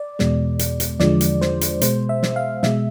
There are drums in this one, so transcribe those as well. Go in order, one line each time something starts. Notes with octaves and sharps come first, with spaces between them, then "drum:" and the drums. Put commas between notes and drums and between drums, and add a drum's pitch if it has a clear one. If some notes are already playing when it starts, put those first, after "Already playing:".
Already playing: D5
E2 B2 G#3, drum: snare
drum: hi-hat
drum: hi-hat
E2 D3 F3 G#3 D5, drum: snare
drum: hi-hat
C5, drum: snare
drum: hi-hat
B2 G#3 C5, drum: hi-hat
E5
drum: snare
F5
B2 G#3 E5, drum: snare